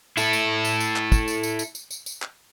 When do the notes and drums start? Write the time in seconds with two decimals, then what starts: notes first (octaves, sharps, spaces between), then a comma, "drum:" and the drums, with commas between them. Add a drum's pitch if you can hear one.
0.17 E4 A4, drum: tambourine
0.33 drum: tambourine
0.65 drum: tambourine
0.80 drum: tambourine
0.96 drum: clap
1.12 drum: kick, tambourine
1.28 drum: tambourine
1.43 drum: tambourine
1.59 drum: tambourine
1.75 drum: tambourine
1.91 drum: tambourine
2.06 drum: tambourine
2.22 drum: clap